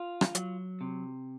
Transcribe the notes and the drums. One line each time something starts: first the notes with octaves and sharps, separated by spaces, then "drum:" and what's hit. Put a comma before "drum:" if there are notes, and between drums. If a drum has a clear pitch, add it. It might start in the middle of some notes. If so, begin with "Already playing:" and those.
Already playing: F4
drum: rim click
F#3, drum: hi-hat
C3